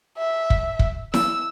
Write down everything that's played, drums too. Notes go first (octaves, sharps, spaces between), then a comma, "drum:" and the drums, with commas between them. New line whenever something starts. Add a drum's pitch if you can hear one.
E5
drum: kick
drum: kick
E6, drum: snare E4